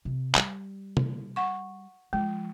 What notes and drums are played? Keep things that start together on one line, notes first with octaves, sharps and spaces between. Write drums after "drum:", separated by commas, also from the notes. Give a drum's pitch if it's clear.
C3
G3, drum: clap
drum: tom C3
F#5 C#6
F3 G#3